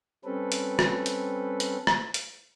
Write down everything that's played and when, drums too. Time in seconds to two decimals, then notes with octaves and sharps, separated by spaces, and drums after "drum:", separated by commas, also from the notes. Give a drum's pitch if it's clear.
0.25 G3 C4 C#4 A4 B4
0.52 drum: hi-hat
0.79 drum: rim click
1.06 drum: hi-hat
1.60 drum: hi-hat
1.87 drum: rim click
2.14 drum: hi-hat